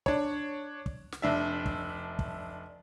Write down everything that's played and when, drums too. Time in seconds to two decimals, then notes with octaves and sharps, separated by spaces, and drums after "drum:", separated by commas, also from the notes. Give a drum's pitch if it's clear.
0.06 D4 C#5, drum: kick
0.86 drum: kick
1.12 drum: snare
1.22 F1 D4 E5
1.66 drum: kick
2.19 drum: kick